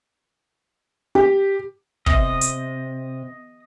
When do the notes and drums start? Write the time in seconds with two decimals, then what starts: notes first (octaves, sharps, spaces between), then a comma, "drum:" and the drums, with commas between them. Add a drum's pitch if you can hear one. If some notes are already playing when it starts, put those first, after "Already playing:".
1.15 G4
2.06 C3 D#5, drum: kick
2.41 drum: hi-hat